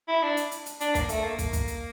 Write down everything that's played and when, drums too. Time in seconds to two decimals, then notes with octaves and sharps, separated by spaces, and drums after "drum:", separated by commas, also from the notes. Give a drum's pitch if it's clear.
0.08 E4
0.23 D4
0.37 drum: hi-hat
0.51 drum: hi-hat
0.66 drum: hi-hat
0.80 D4, drum: hi-hat
0.95 A#3, drum: kick, hi-hat
1.09 A3, drum: hi-hat
1.24 A#3
1.38 drum: kick, hi-hat
1.53 drum: kick, hi-hat
1.68 drum: hi-hat